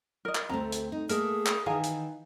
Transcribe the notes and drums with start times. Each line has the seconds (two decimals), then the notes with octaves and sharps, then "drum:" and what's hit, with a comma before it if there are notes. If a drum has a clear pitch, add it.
0.25 A#4 D#5
0.35 drum: clap
0.49 D2 A3 C4 A#5
0.72 drum: hi-hat
0.92 D#4
1.09 A3 A#3 G#4 A#4, drum: hi-hat
1.46 drum: clap
1.66 D#3 E3 F5 G#5 A#5
1.83 drum: hi-hat